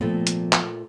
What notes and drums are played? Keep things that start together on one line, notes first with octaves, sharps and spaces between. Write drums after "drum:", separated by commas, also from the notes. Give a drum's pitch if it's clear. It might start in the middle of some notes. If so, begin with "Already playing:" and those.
A#2 F3 A3 B3 C4
drum: hi-hat
drum: clap